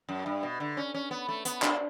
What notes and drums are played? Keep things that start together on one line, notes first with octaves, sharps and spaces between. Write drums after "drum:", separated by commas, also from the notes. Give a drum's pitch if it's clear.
F#2
G2
B2
D3
C#4
C#4
B3
A3
B3, drum: hi-hat
D4, drum: clap